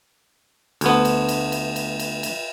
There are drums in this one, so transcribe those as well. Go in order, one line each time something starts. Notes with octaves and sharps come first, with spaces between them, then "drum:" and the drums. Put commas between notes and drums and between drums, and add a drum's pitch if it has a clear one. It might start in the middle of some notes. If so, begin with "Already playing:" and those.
D2 B3, drum: cymbal
drum: cymbal
drum: cymbal
drum: cymbal
drum: cymbal
drum: cymbal
drum: cymbal